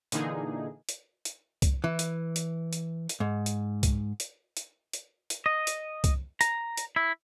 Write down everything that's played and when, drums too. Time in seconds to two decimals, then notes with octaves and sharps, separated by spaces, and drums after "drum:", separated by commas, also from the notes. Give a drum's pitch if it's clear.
0.12 A#2 D3 E3 A#3 D#4 G#4, drum: hi-hat
0.89 drum: hi-hat
1.25 drum: hi-hat
1.62 drum: kick C2, hi-hat
1.84 E3
1.99 drum: hi-hat
2.36 drum: hi-hat
2.73 drum: hi-hat
3.09 drum: hi-hat
3.20 G#2
3.46 drum: hi-hat
3.83 drum: kick C2, hi-hat
4.20 drum: hi-hat
4.57 drum: hi-hat
4.93 drum: hi-hat
5.30 drum: hi-hat
5.46 D#5
5.67 drum: hi-hat
6.04 drum: kick C2, hi-hat
6.41 A#5, drum: hi-hat
6.77 drum: hi-hat
6.96 E4